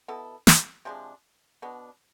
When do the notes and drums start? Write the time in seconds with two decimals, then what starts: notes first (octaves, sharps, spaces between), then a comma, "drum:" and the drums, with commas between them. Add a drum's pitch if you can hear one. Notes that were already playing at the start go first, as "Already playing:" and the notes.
0.08 B2 B3 E4 A4
0.47 drum: snare
0.85 C3 F3 G#3 D4
1.62 B2 B3 D4